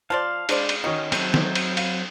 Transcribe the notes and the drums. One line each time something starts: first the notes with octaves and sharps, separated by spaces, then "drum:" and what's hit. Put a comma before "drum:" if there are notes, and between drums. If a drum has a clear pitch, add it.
F3 C5 D5 F5 A5
G#3 D4 C5 D5, drum: cymbal
drum: cymbal
D#3 C#4 D#4 F#4
F#3 G#3 A3 C4, drum: cymbal
drum: snare
drum: cymbal
F5, drum: cymbal